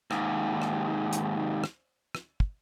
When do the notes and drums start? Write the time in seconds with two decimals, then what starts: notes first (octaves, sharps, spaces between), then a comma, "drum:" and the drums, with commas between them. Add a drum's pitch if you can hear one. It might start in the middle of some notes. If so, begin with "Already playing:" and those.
0.11 D#2 G#2, drum: rim click
0.62 drum: rim click
1.13 drum: hi-hat
1.64 drum: rim click
2.15 drum: rim click
2.40 drum: kick